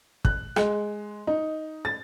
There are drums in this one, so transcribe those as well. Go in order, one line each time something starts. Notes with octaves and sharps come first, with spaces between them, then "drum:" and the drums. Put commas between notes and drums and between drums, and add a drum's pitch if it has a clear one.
F#6, drum: kick
G#3, drum: rim click
D#4
A6